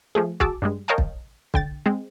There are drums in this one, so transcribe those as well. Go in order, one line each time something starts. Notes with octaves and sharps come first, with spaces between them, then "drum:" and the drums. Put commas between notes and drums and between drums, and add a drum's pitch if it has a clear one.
F3 A3 G#4
F#4 G#4 A5 D6 E6, drum: kick
G2 G3 G#3
A#4 C#5 D#5 F5 G5 A5
drum: kick
D3 G5 A6, drum: kick
G#3 C4